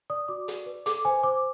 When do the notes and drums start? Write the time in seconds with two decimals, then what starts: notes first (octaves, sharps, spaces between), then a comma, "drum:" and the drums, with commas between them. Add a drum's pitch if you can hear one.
0.10 D5 D#6
0.28 F#4 D6
0.48 D5, drum: hi-hat
0.66 B4
0.86 A4 D6, drum: hi-hat
1.05 C5 G#5
1.24 C5 D6